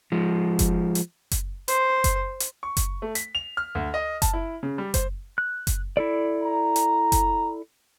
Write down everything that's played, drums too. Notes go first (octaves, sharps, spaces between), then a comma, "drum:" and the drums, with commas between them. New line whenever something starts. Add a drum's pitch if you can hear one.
F3 G#3
drum: kick F#1, hi-hat
drum: hi-hat
drum: kick F#1, hi-hat
C5, drum: hi-hat
drum: kick F#1, hi-hat
drum: hi-hat
C#6
drum: kick F#1, hi-hat
A3
B6, drum: hi-hat
F7
F6
D2
D#5
A5, drum: kick F#1, hi-hat
E4
C#3
G3
C5, drum: kick F#1, hi-hat
F#6
drum: kick F#1, hi-hat
E4 A4 D5
A#5
drum: hi-hat
drum: kick F#1, hi-hat